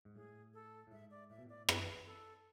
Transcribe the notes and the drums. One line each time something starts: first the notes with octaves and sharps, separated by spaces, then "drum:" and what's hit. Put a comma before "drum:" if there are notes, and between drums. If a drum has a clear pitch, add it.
G#2
A2 G#4
A4
A2
G#2 E5
D5
A2 E5
B2
A2 D5
B4, drum: rim click
A4